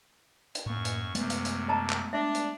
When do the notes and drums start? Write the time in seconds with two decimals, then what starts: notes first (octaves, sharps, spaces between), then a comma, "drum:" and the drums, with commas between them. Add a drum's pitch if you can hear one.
0.55 drum: hi-hat
0.66 F#2 A2 A#3 C#6
0.85 drum: hi-hat
1.15 F#2 C3 G#3 A3 B3, drum: hi-hat
1.30 drum: hi-hat
1.45 drum: hi-hat
1.68 D#5 A5 A#5
1.90 drum: clap
2.13 D4 E5
2.35 drum: hi-hat